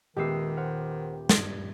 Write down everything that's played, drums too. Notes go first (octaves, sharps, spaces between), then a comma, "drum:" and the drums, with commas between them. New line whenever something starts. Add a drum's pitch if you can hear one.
D#1 D#3 G#3 B3 G4 D#6 E6 C7
C5 F#5 F6
G2 G3 G#6, drum: snare